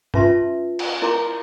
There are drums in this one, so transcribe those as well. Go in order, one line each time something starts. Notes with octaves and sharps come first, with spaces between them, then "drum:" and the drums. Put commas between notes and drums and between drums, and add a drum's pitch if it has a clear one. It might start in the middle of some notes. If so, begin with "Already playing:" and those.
C#4 F4 B4 E5 A5 C6, drum: tom G2
drum: cymbal
E4 A#4 A#5 C6 D6